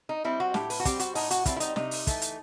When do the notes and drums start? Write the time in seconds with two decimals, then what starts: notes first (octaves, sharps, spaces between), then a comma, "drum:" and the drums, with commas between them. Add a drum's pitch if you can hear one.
0.09 D#4
0.24 G3 C4 E4
0.40 F#4
0.54 A2 G4, drum: snare
0.70 B4, drum: open hi-hat
0.80 F#4
0.85 G3 C4 G4, drum: kick, hi-hat
1.00 F#4, drum: hi-hat
1.15 A2 D#4, drum: open hi-hat
1.31 F#4, drum: hi-hat
1.46 G3 C4 E4, drum: kick, hi-hat
1.57 E4
1.60 D#4, drum: hi-hat
1.76 C3 D#4, drum: snare
1.91 drum: open hi-hat
2.07 E3 A3, drum: kick, hi-hat
2.22 drum: hi-hat